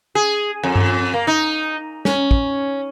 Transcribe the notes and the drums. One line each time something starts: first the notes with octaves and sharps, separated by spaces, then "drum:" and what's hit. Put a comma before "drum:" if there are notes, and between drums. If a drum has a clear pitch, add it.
G#4
F2
drum: tom G2
A#3
D#4
C#4, drum: snare
drum: kick